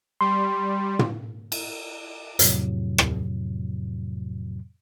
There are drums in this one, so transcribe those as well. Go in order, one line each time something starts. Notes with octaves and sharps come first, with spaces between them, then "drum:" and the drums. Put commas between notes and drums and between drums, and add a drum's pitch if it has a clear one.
G3 C6
drum: tom
drum: cymbal
F2 A2 C3 F#3, drum: hi-hat
drum: rim click